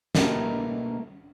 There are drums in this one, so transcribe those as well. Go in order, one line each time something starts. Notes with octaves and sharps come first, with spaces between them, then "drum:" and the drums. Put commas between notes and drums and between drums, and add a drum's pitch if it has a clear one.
B2 A3 A#3 D#4 G4 A4, drum: snare